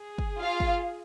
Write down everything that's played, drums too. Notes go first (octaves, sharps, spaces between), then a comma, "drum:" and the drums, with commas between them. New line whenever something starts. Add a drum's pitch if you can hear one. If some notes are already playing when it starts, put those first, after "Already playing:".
Already playing: G#4
drum: kick
F4 F5
drum: kick